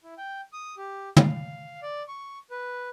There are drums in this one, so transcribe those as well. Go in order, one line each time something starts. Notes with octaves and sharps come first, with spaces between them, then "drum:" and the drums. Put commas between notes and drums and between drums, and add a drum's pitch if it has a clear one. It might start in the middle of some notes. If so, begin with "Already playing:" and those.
E4
G5
D#6
G4
F5, drum: tom
D5
C#6
B4